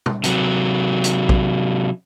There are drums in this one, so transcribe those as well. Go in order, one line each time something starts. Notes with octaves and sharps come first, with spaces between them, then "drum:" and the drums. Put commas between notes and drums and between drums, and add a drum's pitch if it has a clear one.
drum: tom B2
C3 F#3, drum: hi-hat
drum: hi-hat
drum: kick